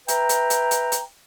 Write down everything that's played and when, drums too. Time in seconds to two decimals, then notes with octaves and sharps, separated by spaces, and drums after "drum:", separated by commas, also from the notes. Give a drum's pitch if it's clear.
0.08 B4 E5 G5 A#5, drum: hi-hat
0.29 drum: hi-hat
0.50 drum: hi-hat
0.71 drum: hi-hat
0.92 drum: hi-hat